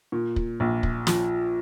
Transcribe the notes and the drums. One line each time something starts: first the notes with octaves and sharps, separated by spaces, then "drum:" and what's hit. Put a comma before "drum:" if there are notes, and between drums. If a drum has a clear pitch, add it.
A#2
drum: kick
A#1
drum: kick
F3, drum: snare